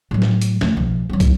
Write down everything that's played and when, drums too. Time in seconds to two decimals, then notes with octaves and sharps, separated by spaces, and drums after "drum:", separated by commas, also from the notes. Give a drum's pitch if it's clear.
0.11 A2 F#3
0.22 drum: snare
0.42 drum: hi-hat
0.61 D3 A3, drum: snare
0.77 B1 F3
1.10 F#3 C4
1.20 drum: kick, hi-hat